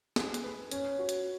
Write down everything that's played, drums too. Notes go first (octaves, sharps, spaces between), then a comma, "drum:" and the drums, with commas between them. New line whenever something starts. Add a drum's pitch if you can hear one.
G#4, drum: snare
drum: hi-hat
B4
C#4, drum: hi-hat
F#4
drum: hi-hat